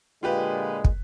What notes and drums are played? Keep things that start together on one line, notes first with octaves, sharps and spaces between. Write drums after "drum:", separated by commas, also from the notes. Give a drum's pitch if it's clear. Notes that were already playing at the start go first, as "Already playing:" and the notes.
A#2 D3 G#3 F4 G4 B4
drum: kick